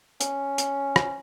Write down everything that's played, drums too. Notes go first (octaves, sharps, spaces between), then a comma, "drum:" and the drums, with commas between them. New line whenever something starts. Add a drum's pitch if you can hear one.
C#4, drum: hi-hat
drum: hi-hat
drum: rim click